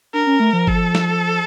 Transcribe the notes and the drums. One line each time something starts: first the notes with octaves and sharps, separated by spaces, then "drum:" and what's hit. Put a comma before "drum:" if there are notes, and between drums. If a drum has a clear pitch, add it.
D4 A#4
C#4
A3
F3
A4, drum: kick G1
drum: snare